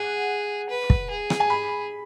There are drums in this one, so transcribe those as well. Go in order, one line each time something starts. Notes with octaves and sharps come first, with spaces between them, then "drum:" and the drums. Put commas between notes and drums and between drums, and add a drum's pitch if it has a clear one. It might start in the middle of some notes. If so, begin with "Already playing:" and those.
Already playing: G#4 F#5
B4
drum: kick
G#4
drum: rim click
G#5
B5